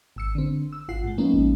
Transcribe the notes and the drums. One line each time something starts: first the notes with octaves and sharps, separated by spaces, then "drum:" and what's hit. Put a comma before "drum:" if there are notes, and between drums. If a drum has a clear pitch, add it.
G#1 E6 C#7
D3 C4
E6
G#1 F4 F#5 C7
G#2 G#3
F3 G#3 A#3 B3 C#4 D#4
drum: kick